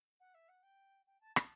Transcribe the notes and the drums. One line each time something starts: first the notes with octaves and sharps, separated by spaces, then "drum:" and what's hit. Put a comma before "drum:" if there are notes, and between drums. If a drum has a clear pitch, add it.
F#5
E5
F#5
G5
G5
A5
A5, drum: rim click